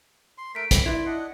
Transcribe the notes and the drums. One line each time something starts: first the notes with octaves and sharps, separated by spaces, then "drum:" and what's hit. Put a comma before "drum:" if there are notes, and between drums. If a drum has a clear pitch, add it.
C6
A3 A#4 B6 D7
E4, drum: kick, hi-hat
E4 B4 D5 C6
D4 D#5 F#5